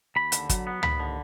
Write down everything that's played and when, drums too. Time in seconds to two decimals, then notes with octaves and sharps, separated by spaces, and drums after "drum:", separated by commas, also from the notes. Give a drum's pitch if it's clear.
0.16 D#2 B5
0.32 D3, drum: hi-hat
0.49 F#3, drum: kick, hi-hat
0.67 B3
0.83 D#2 B5, drum: tom C#2
1.00 D3